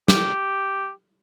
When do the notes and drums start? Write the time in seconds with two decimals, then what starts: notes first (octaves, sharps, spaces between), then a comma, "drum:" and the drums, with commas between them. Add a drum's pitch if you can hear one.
0.08 G4, drum: snare